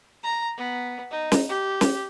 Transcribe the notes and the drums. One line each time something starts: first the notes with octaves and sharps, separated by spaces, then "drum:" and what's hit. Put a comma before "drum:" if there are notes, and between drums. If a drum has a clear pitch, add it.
A#5
B3
D#4
drum: snare
G4
drum: snare